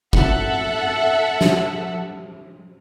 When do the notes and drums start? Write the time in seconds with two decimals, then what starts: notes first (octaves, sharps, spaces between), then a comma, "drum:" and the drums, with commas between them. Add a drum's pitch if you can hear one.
0.13 A4 E5 F#5, drum: kick
1.41 drum: snare